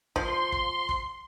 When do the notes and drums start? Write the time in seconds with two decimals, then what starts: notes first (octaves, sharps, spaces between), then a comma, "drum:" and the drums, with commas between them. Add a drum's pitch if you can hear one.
0.16 F3 C6, drum: kick
0.52 drum: kick
0.89 drum: kick